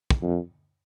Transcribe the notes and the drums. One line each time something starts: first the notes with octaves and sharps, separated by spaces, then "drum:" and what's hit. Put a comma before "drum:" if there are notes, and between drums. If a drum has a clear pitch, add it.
drum: kick
F2